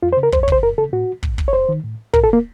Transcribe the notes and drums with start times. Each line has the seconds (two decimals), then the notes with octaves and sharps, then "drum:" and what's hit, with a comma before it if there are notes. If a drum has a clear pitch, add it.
0.03 F2 F4
0.13 C5
0.17 C#3
0.23 A#4
0.32 F2 C5, drum: kick
0.43 C#5
0.48 C#3 C5, drum: kick
0.62 F#2 A#4
0.78 C#3 A4
0.93 A2 F#4
1.23 A2, drum: kick
1.38 drum: kick
1.48 C#5
1.53 F2 C5
1.69 D#3
1.84 A2
2.13 A2 A#4, drum: kick
2.23 A4
2.33 A#3